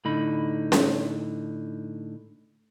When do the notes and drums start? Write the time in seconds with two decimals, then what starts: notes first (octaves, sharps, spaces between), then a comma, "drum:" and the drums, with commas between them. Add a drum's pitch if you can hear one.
0.05 A2 D3 D#4 B5
0.72 drum: snare C#4